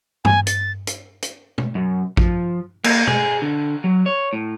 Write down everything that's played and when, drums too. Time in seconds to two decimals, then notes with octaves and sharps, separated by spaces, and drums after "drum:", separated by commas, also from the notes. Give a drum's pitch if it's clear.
0.25 G#5, drum: tom G2
0.47 A6, drum: hi-hat
0.87 drum: hi-hat
1.22 drum: hi-hat
1.58 drum: tom B2
1.75 F#2
2.17 F3, drum: kick A1
2.84 A#3, drum: cymbal
3.07 G#4, drum: tom B2
3.42 D3
3.84 F#3
4.06 C#5
4.33 A2